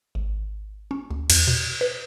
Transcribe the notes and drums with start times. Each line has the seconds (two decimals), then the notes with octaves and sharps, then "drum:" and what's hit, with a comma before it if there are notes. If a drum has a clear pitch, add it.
0.15 G#1
0.91 C#4
1.11 D2
1.30 E2, drum: cymbal
1.47 B2
1.81 B4